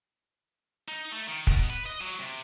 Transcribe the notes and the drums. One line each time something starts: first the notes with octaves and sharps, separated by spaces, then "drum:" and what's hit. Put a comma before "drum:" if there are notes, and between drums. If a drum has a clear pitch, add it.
D#4
A3
D#3
B2, drum: kick
B4
D#5
F#3
C3